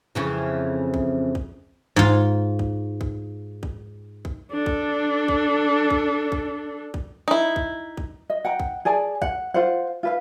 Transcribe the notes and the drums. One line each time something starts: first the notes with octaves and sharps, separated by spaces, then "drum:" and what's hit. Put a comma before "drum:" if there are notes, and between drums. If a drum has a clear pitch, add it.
F2 C#3 E3
drum: kick
drum: kick
G#2 F4, drum: kick
drum: kick
drum: kick
drum: kick
drum: kick
D4 A4
drum: kick
drum: kick
drum: kick
drum: kick
drum: kick
D#4 E4
drum: kick
drum: kick
D#5
F#5 G5 A#5
drum: kick
G#4 D5 G#5 A5
F#5, drum: kick
F4 C5 F#5
F4 B4 F5